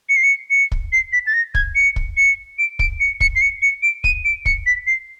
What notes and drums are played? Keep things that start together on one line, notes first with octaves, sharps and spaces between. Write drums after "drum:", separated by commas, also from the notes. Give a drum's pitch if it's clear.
C#7
C7
C#7
C#7
drum: kick
C7
B6
A6
A#6
G#6, drum: kick
C#7
drum: kick
C#7
D7
D7, drum: kick
C#7
C#7, drum: kick
C7
C#7
C#7
D7
D#7, drum: kick
D7
C#7, drum: kick
B6
C7